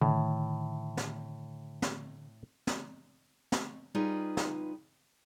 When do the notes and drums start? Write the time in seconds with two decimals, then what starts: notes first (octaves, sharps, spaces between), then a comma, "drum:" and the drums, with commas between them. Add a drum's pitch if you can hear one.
0.01 A2 D3 D#3
0.97 drum: snare
1.82 drum: snare
2.67 drum: snare
3.52 drum: snare
3.95 G3 D#4 F4 G#4 B4
4.37 drum: snare